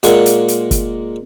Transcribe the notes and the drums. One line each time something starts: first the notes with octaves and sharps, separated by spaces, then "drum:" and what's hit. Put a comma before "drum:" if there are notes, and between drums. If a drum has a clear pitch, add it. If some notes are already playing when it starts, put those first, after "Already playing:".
A#2 G#3 A#3 F#5 C#6, drum: hi-hat
drum: hi-hat
drum: hi-hat
drum: kick, hi-hat